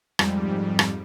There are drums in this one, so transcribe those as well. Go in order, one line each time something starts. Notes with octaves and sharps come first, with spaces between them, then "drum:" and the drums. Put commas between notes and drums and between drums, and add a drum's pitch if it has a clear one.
F2 G#2 G3, drum: rim click
drum: rim click